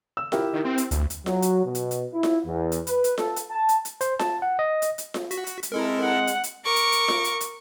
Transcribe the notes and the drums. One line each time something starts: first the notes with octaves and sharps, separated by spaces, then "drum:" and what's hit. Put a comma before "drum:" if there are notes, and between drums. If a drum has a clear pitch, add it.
E6
E4 G4 A#4, drum: snare F4
D#3
C4
drum: hi-hat
D2, drum: hi-hat
drum: hi-hat
F#3, drum: snare F4
drum: hi-hat
B2
drum: hi-hat
drum: hi-hat
E4
drum: snare F4
E2
drum: hi-hat
B4, drum: hi-hat
drum: hi-hat
A4, drum: snare F4
drum: hi-hat
A5
drum: hi-hat
drum: hi-hat
C5, drum: hi-hat
A5, drum: snare F4
F#5
D#5
drum: hi-hat
drum: hi-hat
drum: snare F4
F#4 B6, drum: hi-hat
drum: hi-hat
drum: hi-hat
G#3 C4 E4 A4 A#4
F#5
drum: hi-hat
drum: hi-hat
A#4 C#6 D6
drum: hi-hat
drum: hi-hat
drum: snare F4
drum: hi-hat
drum: hi-hat